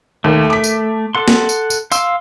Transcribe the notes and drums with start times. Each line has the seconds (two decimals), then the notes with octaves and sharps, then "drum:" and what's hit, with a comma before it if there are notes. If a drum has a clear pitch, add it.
0.24 D#2 A3
0.50 D6 B6
0.64 drum: tambourine
1.15 A4 F#5 C6
1.28 drum: snare
1.49 drum: tambourine
1.70 drum: tambourine
1.92 F5 C6 E6, drum: tambourine